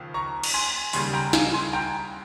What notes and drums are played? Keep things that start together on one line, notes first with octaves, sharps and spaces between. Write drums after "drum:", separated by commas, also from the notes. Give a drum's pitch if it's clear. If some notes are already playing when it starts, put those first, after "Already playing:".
Already playing: D#2 C#3 F3
A#5 C#6
drum: cymbal
G#5 C6
D#2 C#3 G3 G#5 C6, drum: open hi-hat
G5 A#5
F5 G#5, drum: snare
G#5 C6
G5 A#5